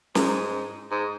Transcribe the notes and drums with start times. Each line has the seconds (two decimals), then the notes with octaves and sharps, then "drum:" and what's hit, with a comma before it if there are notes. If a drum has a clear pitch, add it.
0.15 G#2, drum: snare
0.91 G#2